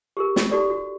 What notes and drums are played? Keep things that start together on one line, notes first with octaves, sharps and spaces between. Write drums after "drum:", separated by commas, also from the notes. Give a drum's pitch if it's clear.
G4 G#4 A#4
drum: snare
D#4 F#4 G4 A4 D5
F#4